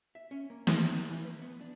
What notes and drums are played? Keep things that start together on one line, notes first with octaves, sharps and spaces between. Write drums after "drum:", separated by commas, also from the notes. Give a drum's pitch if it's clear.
E5
C#4
A#3
G#3, drum: snare
A#3
E3
B4
B3
D4